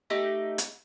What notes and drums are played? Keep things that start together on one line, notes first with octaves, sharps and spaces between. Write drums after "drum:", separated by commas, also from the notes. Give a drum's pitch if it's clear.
A3 D#4 G4
drum: hi-hat